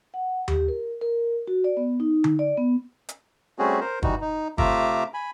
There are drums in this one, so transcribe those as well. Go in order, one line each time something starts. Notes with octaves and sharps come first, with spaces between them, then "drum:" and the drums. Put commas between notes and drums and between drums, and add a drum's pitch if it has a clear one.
F#5
G4, drum: tom D#2
A#4
A#4
F#4
D5
B3
D#4
drum: tom D3
D5
B3
drum: hi-hat
G3 A3 C4 C#4 F#4 G#4
A#4 C5
E3 G3 D#4 F#4, drum: kick
D#4
C3 A3 F4 E5 A#5 D6, drum: kick
G#5 B5